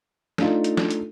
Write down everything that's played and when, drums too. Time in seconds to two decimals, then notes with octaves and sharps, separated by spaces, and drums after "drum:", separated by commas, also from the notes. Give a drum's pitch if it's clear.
0.38 A3 D4 D#4 F4 A4, drum: snare
0.64 drum: hi-hat
0.77 drum: snare
0.90 drum: hi-hat